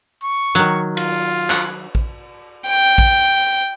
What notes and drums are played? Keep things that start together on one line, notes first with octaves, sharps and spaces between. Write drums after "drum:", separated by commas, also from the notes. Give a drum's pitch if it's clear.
C#6
D#3 F#3
F4, drum: cymbal
F#5, drum: clap
drum: kick
G5
drum: kick